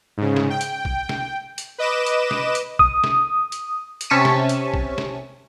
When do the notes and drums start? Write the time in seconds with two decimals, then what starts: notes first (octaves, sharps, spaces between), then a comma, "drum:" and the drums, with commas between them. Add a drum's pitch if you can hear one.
0.17 G#2 C#3
0.36 drum: snare
0.50 G5
0.61 drum: hi-hat
0.85 drum: kick
1.09 drum: snare
1.58 drum: hi-hat
1.78 B4 D#5 D6 E7
2.06 drum: hi-hat
2.31 drum: snare
2.55 drum: hi-hat
2.79 D#6, drum: kick
3.04 drum: snare
3.52 drum: hi-hat
4.01 drum: hi-hat
4.10 C3 C#4 A5 C#6 B6 D#7
4.25 drum: snare
4.49 drum: hi-hat
4.74 drum: kick
4.98 drum: snare